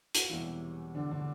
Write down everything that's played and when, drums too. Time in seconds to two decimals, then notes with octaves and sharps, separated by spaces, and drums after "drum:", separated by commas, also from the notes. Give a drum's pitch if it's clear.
0.15 F#4, drum: hi-hat
0.22 F4
0.30 E1 E2 C3 E3 G3 E4
0.95 D3 D4
1.11 D3 D4